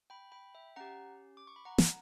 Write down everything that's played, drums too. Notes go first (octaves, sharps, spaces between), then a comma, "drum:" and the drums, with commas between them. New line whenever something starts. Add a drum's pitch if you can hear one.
G5 B5
G5 B5
E5 G5
C#4 G4 F#5 A#5
D6
C#6
B5
F#5 A#5
drum: snare